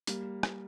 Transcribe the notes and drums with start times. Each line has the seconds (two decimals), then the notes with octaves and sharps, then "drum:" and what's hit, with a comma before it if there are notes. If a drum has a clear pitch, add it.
0.07 G3 A#3, drum: hi-hat
0.43 drum: rim click